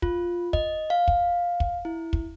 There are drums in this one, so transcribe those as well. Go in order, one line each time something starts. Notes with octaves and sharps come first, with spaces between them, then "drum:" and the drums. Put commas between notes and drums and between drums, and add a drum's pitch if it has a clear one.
F4, drum: kick
D#5, drum: kick
F5
drum: kick
drum: kick
E4
drum: kick